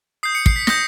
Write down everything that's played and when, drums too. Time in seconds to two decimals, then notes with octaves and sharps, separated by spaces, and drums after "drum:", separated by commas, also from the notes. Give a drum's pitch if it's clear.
0.23 D#6 G6 C7
0.35 C#7
0.46 C7, drum: kick
0.56 B6
0.67 D#6 G6 A#6, drum: snare